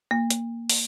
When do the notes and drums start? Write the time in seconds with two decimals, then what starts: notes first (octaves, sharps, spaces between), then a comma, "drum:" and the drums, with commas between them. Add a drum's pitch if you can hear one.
0.11 A#3
0.30 drum: hi-hat
0.70 drum: open hi-hat